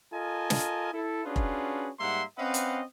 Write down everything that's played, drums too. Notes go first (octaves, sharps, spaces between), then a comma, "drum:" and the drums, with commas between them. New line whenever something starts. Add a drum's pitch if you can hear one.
F4 A4 A#4 D#5 G#5 A5
drum: snare
E4 A4
C#4 D4 F4 F#4 G#4 B4
drum: kick F1
G#2 G3 A#3 E5 F#5 C6
C4 C#4 B4 D#5 F5 F#5
drum: hi-hat